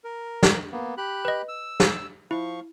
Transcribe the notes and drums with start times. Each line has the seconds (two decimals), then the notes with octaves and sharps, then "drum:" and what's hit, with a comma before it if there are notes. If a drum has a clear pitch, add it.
0.04 A#4
0.43 drum: snare
0.72 A#3 B3
0.98 G4 B5 F#6
1.25 B4 D#5
1.49 E6
1.80 drum: snare
2.31 F3 E4 F5 C#6